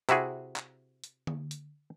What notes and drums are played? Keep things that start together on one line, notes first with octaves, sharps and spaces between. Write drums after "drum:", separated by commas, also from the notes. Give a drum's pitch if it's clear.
C3 E4 F#4 G#4, drum: hi-hat
drum: clap
drum: hi-hat
drum: tom D3
drum: hi-hat